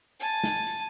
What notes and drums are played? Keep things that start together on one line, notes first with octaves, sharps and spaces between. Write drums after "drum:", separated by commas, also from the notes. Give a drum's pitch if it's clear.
G#5 A5, drum: hi-hat
drum: snare
drum: hi-hat